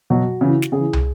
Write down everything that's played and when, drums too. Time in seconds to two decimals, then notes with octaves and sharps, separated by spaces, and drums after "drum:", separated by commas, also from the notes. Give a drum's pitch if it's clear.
0.10 B2 F#3 F#4
0.41 C#3 E3
0.62 drum: snare
0.72 C#3 E3 G#4
0.93 drum: tom